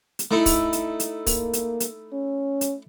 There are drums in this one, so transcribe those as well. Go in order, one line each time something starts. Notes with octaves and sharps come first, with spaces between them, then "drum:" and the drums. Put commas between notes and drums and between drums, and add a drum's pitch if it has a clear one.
drum: hi-hat
A3 D#4 E4
drum: kick, open hi-hat
drum: hi-hat
drum: hi-hat
A#3, drum: kick, open hi-hat
drum: hi-hat
drum: hi-hat
C#4
drum: hi-hat